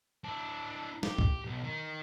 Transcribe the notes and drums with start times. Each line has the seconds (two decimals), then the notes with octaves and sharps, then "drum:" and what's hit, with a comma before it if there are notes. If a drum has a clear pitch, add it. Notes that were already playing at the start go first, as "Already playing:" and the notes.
0.24 D4 E4
1.03 G4, drum: snare
1.18 drum: kick C#2
1.45 B1
1.64 D#3